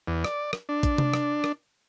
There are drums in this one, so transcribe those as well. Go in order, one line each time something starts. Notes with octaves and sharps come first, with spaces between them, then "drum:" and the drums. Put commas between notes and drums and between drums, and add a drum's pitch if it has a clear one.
E2
D5, drum: rim click
drum: rim click
D4
drum: kick A1, hi-hat
drum: tom C3
drum: rim click
drum: rim click